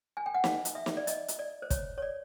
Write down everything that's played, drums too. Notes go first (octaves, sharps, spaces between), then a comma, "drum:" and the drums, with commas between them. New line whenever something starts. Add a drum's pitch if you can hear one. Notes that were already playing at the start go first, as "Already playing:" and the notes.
G#5
G5
F#5
F5, drum: snare
drum: hi-hat
E5
drum: snare
D5
D#5, drum: hi-hat
drum: hi-hat
D5
C5
C#5, drum: kick, hi-hat
C#5
D5